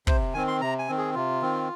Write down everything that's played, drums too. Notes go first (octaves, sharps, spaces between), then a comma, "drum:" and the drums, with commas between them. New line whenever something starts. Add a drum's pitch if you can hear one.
C3 C5, drum: kick
D#3 C4 G#5
C6
C3 A#5
G#5
D#3 C4
G#4
C3 F4
D#3 C4